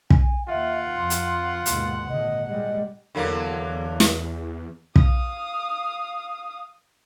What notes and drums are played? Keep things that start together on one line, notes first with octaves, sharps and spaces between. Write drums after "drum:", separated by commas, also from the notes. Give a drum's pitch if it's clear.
G#5, drum: kick
D#2 F4 E5 F#5
F2 C6
drum: hi-hat
D#2 G#2 B2 C6, drum: hi-hat
G#1 A#2 D3 D#5
A#2 G3 G#3 D#5
E2 D3 F#3 A#3
drum: snare
F5 D#6, drum: kick